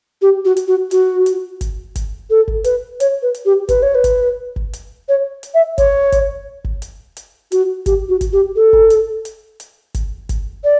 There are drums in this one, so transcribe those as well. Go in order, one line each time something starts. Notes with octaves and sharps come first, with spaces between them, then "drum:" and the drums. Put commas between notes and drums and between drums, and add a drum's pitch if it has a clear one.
G4
F#4
drum: hi-hat
F#4
F#4, drum: hi-hat
drum: hi-hat
drum: kick G1, hi-hat
drum: kick G1, hi-hat
A4
drum: kick G1
B4, drum: hi-hat
C#5, drum: hi-hat
B4
drum: hi-hat
G4
B4, drum: kick G1, hi-hat
C#5
B4
drum: kick G1, hi-hat
drum: kick G1
drum: hi-hat
C#5
drum: hi-hat
E5
C#5, drum: kick G1, hi-hat
drum: kick G1, hi-hat
drum: kick G1
drum: hi-hat
drum: hi-hat
F#4, drum: hi-hat
G4, drum: kick G1, hi-hat
F#4
drum: kick G1, hi-hat
G4
A4
drum: kick G1
drum: hi-hat
drum: hi-hat
drum: hi-hat
drum: kick G1, hi-hat
drum: kick G1, hi-hat
D5